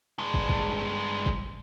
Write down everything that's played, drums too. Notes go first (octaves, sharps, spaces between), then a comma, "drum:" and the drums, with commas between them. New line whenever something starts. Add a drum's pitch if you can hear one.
G2 G#3
drum: kick
drum: kick
drum: kick